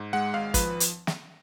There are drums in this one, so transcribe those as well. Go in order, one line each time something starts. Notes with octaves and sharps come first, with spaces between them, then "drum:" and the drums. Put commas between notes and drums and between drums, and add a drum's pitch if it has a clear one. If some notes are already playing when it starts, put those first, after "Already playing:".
Already playing: G#2
G#3 F#5
G#1 F5
F3 B4, drum: kick, hi-hat
drum: hi-hat
drum: snare